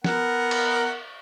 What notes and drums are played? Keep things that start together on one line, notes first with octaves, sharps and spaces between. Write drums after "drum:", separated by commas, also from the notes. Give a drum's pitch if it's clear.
B3 A#4 F#5, drum: snare
drum: cymbal